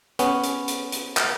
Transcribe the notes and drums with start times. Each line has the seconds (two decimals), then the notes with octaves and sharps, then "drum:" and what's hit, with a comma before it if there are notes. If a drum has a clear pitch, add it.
0.19 B3 C#4, drum: hi-hat
0.44 drum: hi-hat
0.68 drum: hi-hat
0.92 drum: hi-hat
1.17 drum: clap